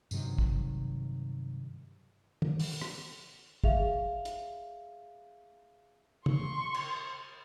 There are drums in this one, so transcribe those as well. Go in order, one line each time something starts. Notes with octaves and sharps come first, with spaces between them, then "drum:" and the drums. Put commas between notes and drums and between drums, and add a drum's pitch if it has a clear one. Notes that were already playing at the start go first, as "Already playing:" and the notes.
G2 C3 D#3 F#3, drum: tambourine
drum: kick
drum: tom
drum: open hi-hat
drum: rim click
G#4 E5 F5 F7, drum: kick
drum: hi-hat
C6 C#6, drum: tom
drum: cymbal